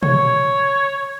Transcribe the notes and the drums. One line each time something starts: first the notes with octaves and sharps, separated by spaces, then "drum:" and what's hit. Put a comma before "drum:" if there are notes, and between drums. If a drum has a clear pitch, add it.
C#5, drum: tom